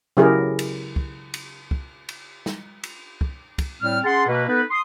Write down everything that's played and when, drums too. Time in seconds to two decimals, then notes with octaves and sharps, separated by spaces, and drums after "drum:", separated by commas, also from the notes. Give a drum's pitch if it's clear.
0.17 C#3 F#3 E4 G4 G#4 A#4
0.59 drum: cymbal
0.96 drum: kick
1.34 drum: cymbal
1.71 drum: kick
2.09 drum: cymbal
2.46 drum: snare
2.84 drum: cymbal
3.21 drum: kick
3.58 drum: kick, cymbal
3.81 A2 G3 C4 F6
4.04 C#4 G#4 F#5 A5 C6
4.27 B2 A#3 B4
4.48 B3 D#4 A4 B4
4.71 C6 D#6